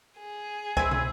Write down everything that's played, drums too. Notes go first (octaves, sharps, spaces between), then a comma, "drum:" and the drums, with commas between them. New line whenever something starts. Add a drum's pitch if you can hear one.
G#4
C4 E4 G#5, drum: kick C2
drum: tom